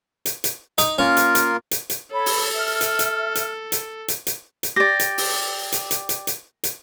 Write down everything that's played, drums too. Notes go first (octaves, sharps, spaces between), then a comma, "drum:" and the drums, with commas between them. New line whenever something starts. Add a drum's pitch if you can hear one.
drum: hi-hat
drum: hi-hat
D#4, drum: hi-hat
A#3 C#4 F4 A#4
drum: hi-hat
drum: hi-hat
drum: hi-hat
drum: hi-hat
A4 C#5 B5
drum: open hi-hat
E5 F6
drum: hi-hat
drum: hi-hat
drum: hi-hat
drum: hi-hat
drum: hi-hat
drum: hi-hat
drum: hi-hat
G4 D5 A#6
drum: hi-hat
drum: open hi-hat
drum: hi-hat
drum: hi-hat
drum: hi-hat
drum: hi-hat
drum: hi-hat